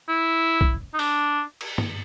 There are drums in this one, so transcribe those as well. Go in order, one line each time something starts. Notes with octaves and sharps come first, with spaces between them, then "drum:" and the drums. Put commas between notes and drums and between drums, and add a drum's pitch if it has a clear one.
E4
drum: kick
D#4
D4, drum: open hi-hat
drum: cymbal
drum: tom